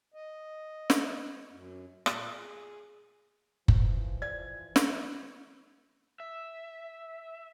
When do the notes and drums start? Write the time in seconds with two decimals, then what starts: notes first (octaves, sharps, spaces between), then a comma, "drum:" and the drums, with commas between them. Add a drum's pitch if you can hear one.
0.14 D#5
0.90 drum: snare
1.52 F#2
2.06 A#2, drum: rim click
2.29 G#4
3.68 E3 F3, drum: kick F#1
4.22 D5 G#6
4.76 drum: snare
6.20 E5